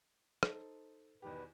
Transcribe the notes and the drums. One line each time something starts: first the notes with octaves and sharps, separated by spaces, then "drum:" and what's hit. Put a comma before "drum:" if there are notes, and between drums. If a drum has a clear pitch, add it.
D#4 A4 C5, drum: rim click
E2 B2 D#3 G4 B4